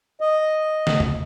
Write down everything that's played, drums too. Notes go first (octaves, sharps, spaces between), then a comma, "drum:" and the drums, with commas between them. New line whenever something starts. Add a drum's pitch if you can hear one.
D#5
drum: snare
drum: tom